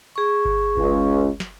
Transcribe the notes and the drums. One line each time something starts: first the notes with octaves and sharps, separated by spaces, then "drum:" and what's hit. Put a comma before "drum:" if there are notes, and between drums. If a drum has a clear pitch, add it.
G#4 C#6
drum: kick G1
C#2, drum: kick G1
drum: snare